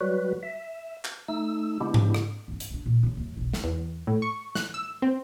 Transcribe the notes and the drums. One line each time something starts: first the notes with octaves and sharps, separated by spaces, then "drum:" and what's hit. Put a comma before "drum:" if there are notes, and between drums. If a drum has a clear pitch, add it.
F#3 G3 F#4 B4
E5
drum: clap
A3 D#4 E6
C#3 G#3 B3 D4 E4 G4
drum: tom G#2
drum: rim click
G1 C4
drum: hi-hat
C3 D4
A#2
C#3 G3
E2 F#3
E1 B1
drum: snare
E2
A2
C#6
F#6, drum: snare
E6
C4